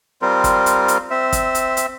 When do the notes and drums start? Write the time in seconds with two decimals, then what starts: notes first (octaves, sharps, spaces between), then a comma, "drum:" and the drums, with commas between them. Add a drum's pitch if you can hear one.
0.22 G3 C4 F4 A#4
0.44 drum: kick, hi-hat
0.66 drum: hi-hat
0.88 drum: hi-hat
1.11 C4 E5
1.32 drum: kick, hi-hat
1.55 drum: hi-hat
1.77 drum: hi-hat